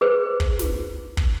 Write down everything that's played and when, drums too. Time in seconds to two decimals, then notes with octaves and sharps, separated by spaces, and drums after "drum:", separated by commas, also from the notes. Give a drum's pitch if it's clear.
0.01 G#4 B4 C5
0.40 drum: kick
0.59 drum: snare
1.17 drum: kick